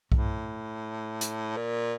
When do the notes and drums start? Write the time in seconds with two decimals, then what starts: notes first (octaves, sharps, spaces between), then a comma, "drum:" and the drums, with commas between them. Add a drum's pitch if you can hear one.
0.12 A2, drum: kick B1
1.21 drum: hi-hat
1.56 A#2